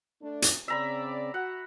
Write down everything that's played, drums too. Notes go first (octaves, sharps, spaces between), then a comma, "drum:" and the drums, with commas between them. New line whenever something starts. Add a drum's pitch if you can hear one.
A3 D4
drum: hi-hat
C#3 C4 D5 E5 A#5 B5
F#4 F#5